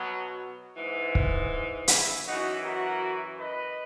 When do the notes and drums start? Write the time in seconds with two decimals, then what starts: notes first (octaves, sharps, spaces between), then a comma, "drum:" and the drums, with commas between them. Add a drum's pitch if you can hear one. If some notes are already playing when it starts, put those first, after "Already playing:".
Already playing: B2 F#3
0.75 G#2 E3
1.15 drum: kick
1.88 E4 G#4, drum: hi-hat
2.26 F#2 E3 D#4 F#4
2.63 F#4 A#4
3.38 B4 D#5